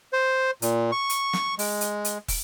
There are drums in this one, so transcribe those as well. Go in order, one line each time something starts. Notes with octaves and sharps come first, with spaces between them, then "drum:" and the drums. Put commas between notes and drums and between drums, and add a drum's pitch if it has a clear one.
C5
A#2, drum: hi-hat
C#6
drum: hi-hat
drum: snare
G#3, drum: open hi-hat
drum: hi-hat
drum: hi-hat
drum: kick, open hi-hat